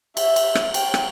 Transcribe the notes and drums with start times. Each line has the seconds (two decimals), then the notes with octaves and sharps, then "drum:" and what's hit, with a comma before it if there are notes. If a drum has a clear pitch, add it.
0.17 E5, drum: cymbal
0.36 drum: cymbal
0.55 drum: rim click
0.74 G5, drum: cymbal
0.94 drum: rim click